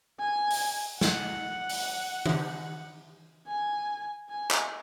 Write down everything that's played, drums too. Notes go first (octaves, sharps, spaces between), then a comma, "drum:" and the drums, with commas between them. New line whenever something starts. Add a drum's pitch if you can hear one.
G#5
drum: open hi-hat
F#5, drum: snare
drum: open hi-hat
drum: tom D#3
G#5
G#5
drum: clap